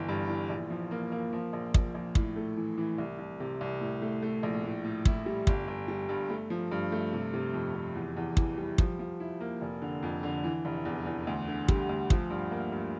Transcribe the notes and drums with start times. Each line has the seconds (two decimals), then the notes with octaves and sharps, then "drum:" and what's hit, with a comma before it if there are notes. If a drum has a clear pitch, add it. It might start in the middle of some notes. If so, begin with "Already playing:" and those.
Already playing: G1 E3
0.09 G2
0.29 E3
0.49 A#1
0.70 F3
0.91 A#3
1.12 A#3
1.33 F3
1.53 A#1
1.74 A#1, drum: kick
1.95 A#1
2.15 A2, drum: kick
2.36 A3
2.57 E3
2.78 E3
2.98 C2
3.19 C2
3.40 C3
3.61 C2
3.81 A2
4.02 A3
4.22 A3
4.43 A#1
4.64 A2
4.84 A2
5.05 E4, drum: kick
5.26 G3
5.47 G1, drum: kick
5.68 G1
5.88 G3
6.09 G2
6.30 A3
6.50 F3
6.72 G2
6.92 A3
7.13 C3
7.34 C3
7.54 F2
7.74 C3
7.95 E2
8.17 E2
8.37 E3, drum: kick
8.58 G3
8.78 F3, drum: kick
8.99 F3
9.20 E4
9.40 A#3
9.62 F1
9.82 D3
10.03 F2
10.23 D3
10.44 E3
10.65 F1
10.85 E2
11.06 E2
11.27 D2
11.48 D3
11.68 G3, drum: kick
11.89 D2
12.10 F3, drum: kick
12.30 G2
12.51 A#3
12.72 G2